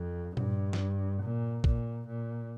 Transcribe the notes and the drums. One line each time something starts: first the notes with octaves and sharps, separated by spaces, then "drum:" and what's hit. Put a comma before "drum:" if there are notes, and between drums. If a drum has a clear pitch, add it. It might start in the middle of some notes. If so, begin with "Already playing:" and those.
Already playing: F2
G2, drum: tom A#2
drum: snare
A#2
A#2, drum: kick
A#2